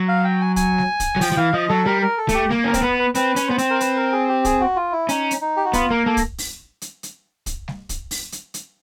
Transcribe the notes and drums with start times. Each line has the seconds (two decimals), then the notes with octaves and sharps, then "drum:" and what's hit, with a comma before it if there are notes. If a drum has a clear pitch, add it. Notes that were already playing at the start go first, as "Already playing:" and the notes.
Already playing: F#3
0.08 F5
0.25 G5
0.41 G#5
0.56 G#5, drum: kick, hi-hat
0.78 drum: snare G3
1.00 drum: kick, hi-hat
1.16 F#3
1.21 F3 G5, drum: open hi-hat
1.32 F3
1.37 E3 F5
1.54 F3 D#5
1.69 F#3 A4
1.86 G3 A#4
2.02 A#4
2.18 A4
2.29 A3, drum: kick, hi-hat
2.34 G4
2.51 A#3, drum: snare G3
2.64 C#4 A#4
2.74 C4, drum: kick, hi-hat
2.82 B3 B4
2.99 B4
3.15 C4 B4, drum: hi-hat
3.36 C#4, drum: hi-hat
3.48 B3 C5
3.58 C4, drum: hi-hat
3.70 A#4
3.80 B4, drum: hi-hat
3.97 A#4
4.12 G#4
4.29 G4
4.45 G#4, drum: kick, hi-hat
4.61 F#4
4.76 F4
4.92 E4
5.09 C#4 D#4, drum: hi-hat
5.31 drum: hi-hat
5.41 D#4
5.57 G4
5.65 F#4
5.73 B3 F4, drum: kick, hi-hat
5.91 A#3 A#4
6.06 A#3 A4
6.17 drum: kick, hi-hat
6.38 drum: open hi-hat
6.82 drum: hi-hat
7.03 drum: hi-hat
7.46 drum: kick, hi-hat
7.68 drum: snare G3
7.89 drum: kick, hi-hat
8.11 drum: open hi-hat
8.32 drum: hi-hat
8.54 drum: hi-hat